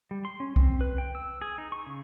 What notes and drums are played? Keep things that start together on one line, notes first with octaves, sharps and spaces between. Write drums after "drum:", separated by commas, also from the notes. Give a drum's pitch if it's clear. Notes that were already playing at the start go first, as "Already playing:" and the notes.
G3
C6
C#4
C4, drum: kick C2
B4
G5
E6
G#4
D#4
C#6
C#3